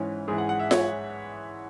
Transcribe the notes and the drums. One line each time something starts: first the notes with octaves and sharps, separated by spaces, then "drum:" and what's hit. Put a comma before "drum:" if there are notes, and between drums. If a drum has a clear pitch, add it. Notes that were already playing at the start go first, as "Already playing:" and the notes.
Already playing: G#2 E3 C#4
G#2 E3 G#4
F#5
F#5
E5
C#5, drum: snare F4